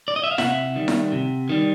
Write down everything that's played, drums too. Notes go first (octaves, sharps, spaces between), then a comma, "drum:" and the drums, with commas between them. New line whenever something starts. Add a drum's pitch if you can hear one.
D5
D#5
E5
F5
C3 E5 F#5, drum: snare E4
D#3 G3
drum: snare E4
C3
D#3 G3